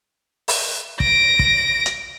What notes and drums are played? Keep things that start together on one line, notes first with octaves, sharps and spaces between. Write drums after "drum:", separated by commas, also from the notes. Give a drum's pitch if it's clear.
drum: open hi-hat
A#6 D7, drum: kick
drum: kick
drum: hi-hat